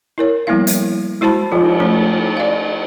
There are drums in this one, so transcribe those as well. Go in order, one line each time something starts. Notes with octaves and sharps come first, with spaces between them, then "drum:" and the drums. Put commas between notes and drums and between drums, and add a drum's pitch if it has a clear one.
E4 A#4 C#5
F3 G3 A#3 B3 E4 F5
drum: hi-hat
G#3 E4 F#4 C5 A5 B5
F3 F4, drum: cymbal
F3 A3 C#4 A#5
D5 F5